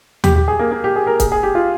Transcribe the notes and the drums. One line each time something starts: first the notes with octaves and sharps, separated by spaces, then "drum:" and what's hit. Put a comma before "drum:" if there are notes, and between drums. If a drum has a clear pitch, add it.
G4, drum: tom D#2
G4
G#4
A#3
A#3
G4
G#4
A#4
G#4, drum: kick, hi-hat
G#4
G4
F4